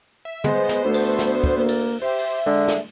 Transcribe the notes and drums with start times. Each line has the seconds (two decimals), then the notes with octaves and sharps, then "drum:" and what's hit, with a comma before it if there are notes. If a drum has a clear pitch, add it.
0.25 E5
0.44 G#3 B3 C5, drum: tom
0.69 drum: snare
0.85 D2 A3
0.94 drum: cymbal
1.19 drum: snare
1.44 drum: kick
1.56 A#3
1.68 drum: cymbal
2.02 G4 C5 E5
2.18 drum: cymbal
2.46 D3 G#3
2.68 drum: snare